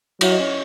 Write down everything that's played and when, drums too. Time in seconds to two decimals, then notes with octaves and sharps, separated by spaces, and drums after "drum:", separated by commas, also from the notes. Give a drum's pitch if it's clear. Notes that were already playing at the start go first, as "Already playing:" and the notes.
0.21 F#3 E4 E5, drum: cymbal
0.31 D#5
0.39 C#4 C#5